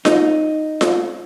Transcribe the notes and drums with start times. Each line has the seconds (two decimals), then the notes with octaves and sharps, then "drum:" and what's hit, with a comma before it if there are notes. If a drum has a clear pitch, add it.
0.05 D#4, drum: snare F4
0.81 drum: snare F4